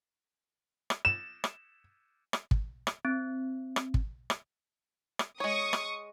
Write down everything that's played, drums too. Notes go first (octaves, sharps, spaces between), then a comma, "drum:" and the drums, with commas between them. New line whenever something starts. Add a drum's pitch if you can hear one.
drum: rim click
E7
drum: rim click
drum: rim click
drum: kick
drum: rim click
C4
drum: rim click
drum: kick
drum: rim click
drum: rim click
G#3 C#5 C#6 D#6
drum: rim click